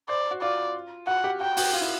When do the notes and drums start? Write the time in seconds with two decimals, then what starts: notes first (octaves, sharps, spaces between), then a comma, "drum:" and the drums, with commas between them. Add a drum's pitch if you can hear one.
0.09 C5 D5
0.31 F#4
0.42 F4 D5
1.07 F#4 F#5
1.24 G4
1.40 F#4 G5
1.57 F#4, drum: open hi-hat
1.73 F4
1.81 E4